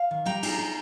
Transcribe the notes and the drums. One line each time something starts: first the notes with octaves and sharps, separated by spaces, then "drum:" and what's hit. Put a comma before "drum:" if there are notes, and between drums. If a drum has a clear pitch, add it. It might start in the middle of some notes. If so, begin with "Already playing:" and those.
Already playing: F5
D#3
G3 G5 A#5
D#4, drum: cymbal
D#4